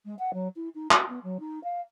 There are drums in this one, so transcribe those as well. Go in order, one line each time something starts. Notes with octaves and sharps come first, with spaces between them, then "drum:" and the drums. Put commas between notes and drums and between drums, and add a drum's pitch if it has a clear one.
G#3
F#5
F#3
E4
D#4
F#4, drum: clap
B3
F#3
D#4
F5